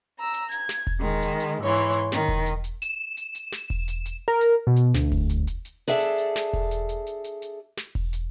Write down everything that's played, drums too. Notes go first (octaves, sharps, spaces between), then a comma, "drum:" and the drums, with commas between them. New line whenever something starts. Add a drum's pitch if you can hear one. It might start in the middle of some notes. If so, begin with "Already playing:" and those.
A#5 E6
drum: hi-hat
G#6, drum: hi-hat
drum: snare
drum: kick E1, open hi-hat
D#3 G#3
drum: hi-hat
drum: hi-hat
G#2 E3 C#5 C6
drum: hi-hat
drum: hi-hat
D#3, drum: snare
drum: kick E1, open hi-hat
drum: hi-hat
drum: hi-hat
E7, drum: hi-hat
drum: hi-hat
drum: hi-hat
drum: snare
drum: kick E1, open hi-hat
drum: hi-hat
drum: hi-hat
A#4
drum: hi-hat
B2
drum: hi-hat
D2, drum: snare
drum: kick E1, open hi-hat
drum: hi-hat
drum: hi-hat
drum: hi-hat
D4 G#4 A4 E5
drum: hi-hat
drum: hi-hat
drum: snare
drum: kick E1, open hi-hat
drum: hi-hat
drum: hi-hat
drum: hi-hat
drum: hi-hat
drum: hi-hat
drum: snare
drum: kick E1, open hi-hat
drum: hi-hat